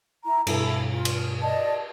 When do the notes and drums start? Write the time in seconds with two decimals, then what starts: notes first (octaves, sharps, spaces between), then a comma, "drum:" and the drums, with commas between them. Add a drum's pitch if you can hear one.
0.24 E4 A#5
0.47 G2 B2 E4 A4, drum: cymbal
0.91 F4
1.05 drum: cymbal
1.42 D5 D#5 A5